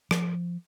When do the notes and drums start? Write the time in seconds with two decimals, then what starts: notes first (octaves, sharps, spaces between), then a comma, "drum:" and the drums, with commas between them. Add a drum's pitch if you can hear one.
0.11 F3, drum: rim click